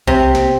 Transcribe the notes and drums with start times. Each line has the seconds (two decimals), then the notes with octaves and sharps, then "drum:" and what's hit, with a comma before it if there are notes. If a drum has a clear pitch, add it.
0.07 C3, drum: kick B1
0.35 drum: snare